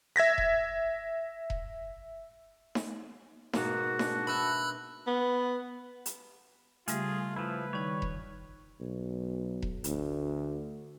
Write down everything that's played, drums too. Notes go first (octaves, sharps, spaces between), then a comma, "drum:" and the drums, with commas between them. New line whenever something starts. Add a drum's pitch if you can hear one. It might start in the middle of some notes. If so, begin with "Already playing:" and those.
E5 G#6 A#6 B6
drum: kick E1
drum: kick E1
drum: snare D#4
G#2 B2 A#3 F#4, drum: snare D#4
D4, drum: snare D#4
B4 E5 A5 B5 E6 F#6
B3
drum: hi-hat
C#3 G3 A3 F4 G4 G#4, drum: hi-hat
F3 E4 B4
D#3 G3 D#4 C#5
drum: kick E1
B1
drum: kick E1
D2, drum: hi-hat